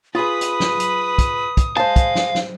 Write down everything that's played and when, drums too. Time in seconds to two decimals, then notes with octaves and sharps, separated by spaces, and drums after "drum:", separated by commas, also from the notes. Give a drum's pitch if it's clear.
0.15 F4 G#4 B4 B5 D#6
0.41 drum: hi-hat
0.60 drum: snare
0.80 drum: hi-hat
1.18 drum: kick, hi-hat
1.57 drum: kick, hi-hat
1.77 G#3 C5 F5 A5
1.96 drum: kick, hi-hat
2.15 drum: snare
2.35 drum: snare